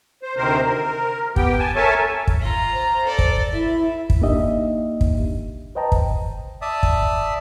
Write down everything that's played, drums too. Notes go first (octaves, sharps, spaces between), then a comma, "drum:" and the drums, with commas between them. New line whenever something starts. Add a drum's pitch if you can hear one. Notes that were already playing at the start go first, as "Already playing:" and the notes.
C5
D2 C3 D#3 A#4 C5
A#4
B3 G4 G5, drum: kick
G#5 A5
A4 A#4 C#5 E5 G#5 A5
drum: kick
F4 A#5
C5
A4 D5
drum: kick
E4 E5
drum: kick
A#3 D4 D#4 G4 D#5 E5
drum: kick
B4 C5 D#5 G5 A5 A#5
drum: kick
D5 E5 A5 D#6
drum: kick